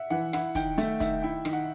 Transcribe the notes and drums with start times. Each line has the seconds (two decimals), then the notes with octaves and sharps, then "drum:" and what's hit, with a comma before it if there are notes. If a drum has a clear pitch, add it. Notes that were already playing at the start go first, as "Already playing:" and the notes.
Already playing: E5 F#5
0.10 E3 F#5
0.33 E4 F#5, drum: rim click
0.55 D#3 G5, drum: kick, hi-hat
0.78 A3 E5, drum: hi-hat
1.00 D#3 E5, drum: kick, hi-hat
1.22 E4 G5
1.45 D#3, drum: rim click
1.53 F#5